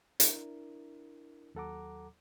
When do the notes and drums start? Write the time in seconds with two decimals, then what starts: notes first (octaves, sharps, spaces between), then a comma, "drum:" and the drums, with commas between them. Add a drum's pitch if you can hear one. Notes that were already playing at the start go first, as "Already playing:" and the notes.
0.20 D4 E4 A#4, drum: hi-hat
1.55 D#2 F#3 A4 F#5 A#5 D6